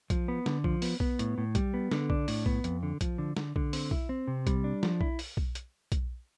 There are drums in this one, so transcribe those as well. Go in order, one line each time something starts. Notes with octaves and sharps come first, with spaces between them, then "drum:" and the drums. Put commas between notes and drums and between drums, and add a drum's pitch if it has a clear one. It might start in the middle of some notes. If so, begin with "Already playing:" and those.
F3, drum: kick B1, hi-hat
B3
D3, drum: snare
F3, drum: kick B1
B3, drum: open hi-hat
B3, drum: kick B1
A2, drum: hi-hat
A2
G3, drum: kick B1, hi-hat
B3
D3, drum: snare
D4, drum: kick B1
A2, drum: open hi-hat
B3, drum: kick B1
F2, drum: hi-hat
D3
F3, drum: kick B1, hi-hat
D3
D3, drum: snare
D3, drum: kick B1
C4, drum: open hi-hat
E4, drum: kick B1
C4
C3
G3, drum: kick B1, hi-hat
D4
F3, drum: snare
E4, drum: kick B1
drum: open hi-hat
drum: kick B1
drum: hi-hat
drum: kick B1, hi-hat